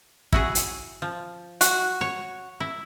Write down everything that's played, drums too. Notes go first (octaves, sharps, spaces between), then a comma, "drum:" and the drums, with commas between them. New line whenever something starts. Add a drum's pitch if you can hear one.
E4 F#4 G#4, drum: kick
drum: hi-hat
F3
F#4, drum: hi-hat
C#5
E4